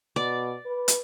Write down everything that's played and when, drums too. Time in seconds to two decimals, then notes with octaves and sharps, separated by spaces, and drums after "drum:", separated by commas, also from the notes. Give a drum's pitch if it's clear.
0.16 B2 D5
0.66 B4
0.88 drum: hi-hat